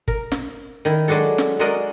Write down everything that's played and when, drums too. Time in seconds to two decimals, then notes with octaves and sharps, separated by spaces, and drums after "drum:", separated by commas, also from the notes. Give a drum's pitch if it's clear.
0.08 A#4, drum: kick
0.32 drum: snare
0.85 D#3 E4
1.08 F#3 G#3 D4 F#4 A4
1.38 drum: snare
1.59 G#3 F#4 G#4 A#4 D5 D#5